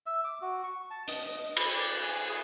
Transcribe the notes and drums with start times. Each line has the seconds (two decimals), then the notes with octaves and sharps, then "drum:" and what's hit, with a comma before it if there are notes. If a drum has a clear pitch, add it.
0.06 E5
0.24 D6
0.42 F#4
0.64 C#6
0.90 A5
1.08 D#5, drum: hi-hat
1.26 D#5
1.57 B5, drum: cymbal
1.75 D5
2.03 G#5
2.29 G#4